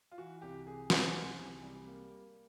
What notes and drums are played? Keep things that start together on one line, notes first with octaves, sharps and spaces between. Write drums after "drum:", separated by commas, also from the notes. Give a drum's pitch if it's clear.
F4
E3 F#4
C2 G4
C2 G#4
C3, drum: snare
E3
C2
G3
A#3